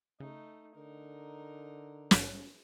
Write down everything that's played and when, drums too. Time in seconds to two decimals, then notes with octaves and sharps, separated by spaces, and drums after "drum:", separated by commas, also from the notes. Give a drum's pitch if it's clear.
0.20 C#3 A3 D#4
0.77 D3 D#4 A#4
2.11 A#1 G#2, drum: snare